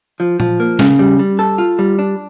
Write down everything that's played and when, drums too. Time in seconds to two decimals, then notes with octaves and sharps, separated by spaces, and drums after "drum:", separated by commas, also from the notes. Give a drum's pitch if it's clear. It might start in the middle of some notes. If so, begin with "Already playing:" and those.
0.20 F3
0.40 F3, drum: tom A#2
0.60 A#3
0.79 C#3, drum: snare
0.99 G3
1.19 G3
1.39 A4
1.58 F4
1.79 G3
1.99 D4